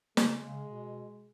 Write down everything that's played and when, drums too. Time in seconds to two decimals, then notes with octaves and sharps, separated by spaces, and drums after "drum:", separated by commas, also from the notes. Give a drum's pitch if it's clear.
0.17 C#3 G#3, drum: snare
0.43 C#3
0.69 B2